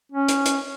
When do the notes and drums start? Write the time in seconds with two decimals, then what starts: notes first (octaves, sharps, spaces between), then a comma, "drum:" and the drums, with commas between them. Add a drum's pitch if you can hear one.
0.12 C#4
0.28 drum: hi-hat
0.46 drum: hi-hat